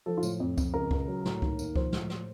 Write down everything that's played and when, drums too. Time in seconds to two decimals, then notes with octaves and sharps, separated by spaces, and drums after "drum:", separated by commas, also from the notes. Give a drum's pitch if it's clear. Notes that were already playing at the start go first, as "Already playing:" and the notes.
0.06 F3 A4
0.17 F4
0.23 A2, drum: tambourine
0.40 F2
0.58 F2, drum: kick C#2, tambourine
0.74 C#2 A#4
0.91 C#2, drum: kick C#2
1.08 F#3
1.25 A2, drum: snare
1.42 D#2, drum: kick C#2
1.59 D#2, drum: tambourine
1.75 F3 C5, drum: kick C#2
1.92 A2, drum: snare
2.10 drum: snare